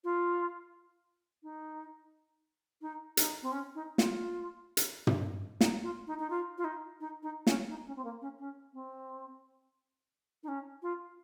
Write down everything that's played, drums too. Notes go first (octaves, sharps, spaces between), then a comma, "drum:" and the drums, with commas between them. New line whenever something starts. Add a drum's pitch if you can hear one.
F4
D#4
D#4
D#4, drum: hi-hat
C4
C#4
D#4
F4, drum: snare
drum: hi-hat
drum: tom
D#4, drum: snare
F4
D#4
D#4
F4
F4
D#4
D#4
D#4
C#4, drum: snare
D#4
C#4
C4
A#3
C#4
C#4
C4
D#4
C#4
F4